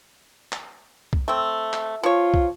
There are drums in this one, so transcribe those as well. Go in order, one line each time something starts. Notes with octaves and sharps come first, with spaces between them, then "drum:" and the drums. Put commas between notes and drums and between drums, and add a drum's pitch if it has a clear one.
drum: clap
drum: kick
A3 C4
drum: clap
F3 F4 C#5
drum: kick